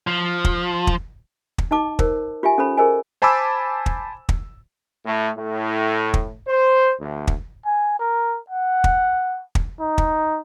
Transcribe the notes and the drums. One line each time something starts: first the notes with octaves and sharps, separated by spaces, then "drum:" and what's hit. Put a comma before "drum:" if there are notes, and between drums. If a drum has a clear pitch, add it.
F3
drum: kick
drum: kick
drum: kick
D#4 D#5 A5 D6
A#4 C5, drum: kick
F4 G4 E5 G#5
C#4 A4 C5 B5
G#4 A#4 C5 D#5 G#5
C5 G#5 A5 B5 D6 E6
drum: kick
drum: kick
A2
A2
drum: kick
C5
D2
drum: kick
G#5
A#4
F#5
drum: kick
drum: kick
D#4
drum: kick